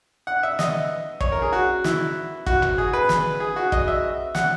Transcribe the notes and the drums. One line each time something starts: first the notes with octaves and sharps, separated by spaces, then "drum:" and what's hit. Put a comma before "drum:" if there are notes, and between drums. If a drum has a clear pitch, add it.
F#5
E5
D#5, drum: snare
C#5, drum: kick
A#4
G#4
F#4
E4, drum: snare
F#4, drum: kick
drum: tom
G#4
B4
drum: snare
G#4
F#4
D#5, drum: kick
E5
F#5, drum: snare